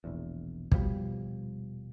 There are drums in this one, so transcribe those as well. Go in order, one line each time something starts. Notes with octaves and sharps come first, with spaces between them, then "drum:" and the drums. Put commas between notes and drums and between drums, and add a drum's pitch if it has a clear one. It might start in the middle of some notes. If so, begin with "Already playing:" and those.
E1 A#1 E2
D#1 B2 F3 G3, drum: kick